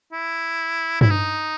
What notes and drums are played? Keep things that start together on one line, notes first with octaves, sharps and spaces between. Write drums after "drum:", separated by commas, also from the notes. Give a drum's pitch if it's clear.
E4
E4, drum: tom G2
D#4